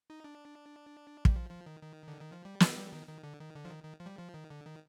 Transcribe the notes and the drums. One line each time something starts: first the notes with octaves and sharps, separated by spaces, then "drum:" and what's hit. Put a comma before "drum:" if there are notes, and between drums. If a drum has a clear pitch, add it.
D#4
D4
G3, drum: kick
F3
F3
D#3
D#3
D3
D#3
F3
G3
D#3, drum: snare
G3
D#3
D#3
D3
D#3
D3
F3
D#3
D#3
F3
G3
F3
D#3
D3
D#3